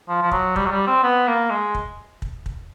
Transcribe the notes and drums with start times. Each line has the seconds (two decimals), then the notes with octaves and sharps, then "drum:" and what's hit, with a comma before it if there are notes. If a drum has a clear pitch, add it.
0.09 F3
0.22 F3
0.31 F#3, drum: kick
0.56 G3, drum: kick
0.65 F#3
0.71 G3
0.87 C4
1.03 B3
1.27 A#3
1.50 G#3
1.74 drum: kick
2.22 drum: kick
2.46 drum: kick